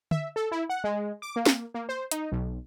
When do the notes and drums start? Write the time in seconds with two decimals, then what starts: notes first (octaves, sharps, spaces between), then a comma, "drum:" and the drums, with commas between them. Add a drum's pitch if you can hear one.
0.11 E5, drum: tom
0.36 A4
0.51 E4
0.69 F#5
0.84 G#3
1.22 D6
1.36 A#3
1.46 drum: snare
1.74 A#3
1.89 C5
2.11 D#4, drum: hi-hat
2.32 B1